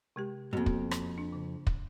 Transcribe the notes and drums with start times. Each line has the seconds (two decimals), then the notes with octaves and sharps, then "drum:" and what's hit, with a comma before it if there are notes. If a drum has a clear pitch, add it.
0.16 C3 G#3 G4
0.53 F2 G#2 A#3 B3 F#4
0.66 drum: kick
0.91 drum: rim click
1.18 D4
1.32 C#3
1.67 drum: kick